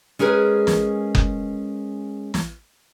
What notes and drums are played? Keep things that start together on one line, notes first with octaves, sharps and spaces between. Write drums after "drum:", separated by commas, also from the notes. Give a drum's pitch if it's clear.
G#3 C#4 G#4 A#4 B4
drum: snare
drum: kick F#1
drum: snare